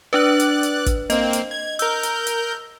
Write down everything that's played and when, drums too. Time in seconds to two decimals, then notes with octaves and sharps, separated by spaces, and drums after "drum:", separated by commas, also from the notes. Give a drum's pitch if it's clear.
0.13 D4 B4 D5 F#6
0.40 drum: hi-hat
0.63 drum: hi-hat
0.86 drum: kick, hi-hat
1.10 A#3 C4 D#5, drum: hi-hat
1.33 drum: hi-hat
1.51 G#6
1.79 A#4 E6 G6, drum: hi-hat
2.03 drum: hi-hat
2.27 drum: hi-hat